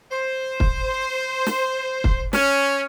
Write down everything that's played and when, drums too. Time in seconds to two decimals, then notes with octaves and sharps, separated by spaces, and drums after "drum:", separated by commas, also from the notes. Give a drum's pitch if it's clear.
0.12 C5
0.60 drum: kick
1.46 drum: snare
2.04 drum: kick
2.33 C#4, drum: snare